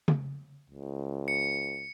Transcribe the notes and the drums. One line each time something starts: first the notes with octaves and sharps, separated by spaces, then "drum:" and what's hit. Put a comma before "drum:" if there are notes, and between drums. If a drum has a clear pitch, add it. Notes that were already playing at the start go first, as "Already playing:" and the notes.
drum: tom C#3
C#2
C#7